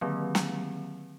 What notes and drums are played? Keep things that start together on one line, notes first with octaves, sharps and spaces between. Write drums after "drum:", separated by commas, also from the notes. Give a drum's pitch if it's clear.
D3 D#3 F#3 A#3 C4
drum: snare